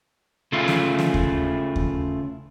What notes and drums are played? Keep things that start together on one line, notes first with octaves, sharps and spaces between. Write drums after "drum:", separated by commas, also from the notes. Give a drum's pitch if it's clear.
C#3 A3 E4 F4
drum: snare
drum: snare
drum: kick D#2
drum: kick D#2